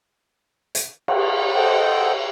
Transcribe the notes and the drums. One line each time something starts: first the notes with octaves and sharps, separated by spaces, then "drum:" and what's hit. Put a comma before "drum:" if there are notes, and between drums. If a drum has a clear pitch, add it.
drum: hi-hat
drum: cymbal
A4 C5 D#5 F#5 G5